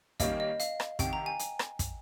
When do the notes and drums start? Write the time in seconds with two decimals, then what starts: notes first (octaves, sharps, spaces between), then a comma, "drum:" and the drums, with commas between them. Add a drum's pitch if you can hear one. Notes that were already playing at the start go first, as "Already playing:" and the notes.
0.20 D#3 G3 A#3 C#4 D#5, drum: kick, hi-hat
0.40 D#5
0.60 F5, drum: hi-hat
0.80 drum: rim click
0.99 C2 C3 D#3 G5, drum: kick, hi-hat
1.13 A#5
1.26 G#5
1.39 drum: hi-hat
1.59 drum: rim click
1.79 drum: kick, hi-hat